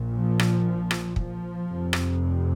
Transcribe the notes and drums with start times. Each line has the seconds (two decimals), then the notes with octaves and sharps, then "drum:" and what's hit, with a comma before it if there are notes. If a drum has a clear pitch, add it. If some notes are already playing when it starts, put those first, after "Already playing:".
Already playing: A#1 A#2
0.14 F3
0.39 drum: rim click
0.91 drum: rim click
1.16 F3, drum: kick
1.67 F1 F2 C3
1.93 drum: rim click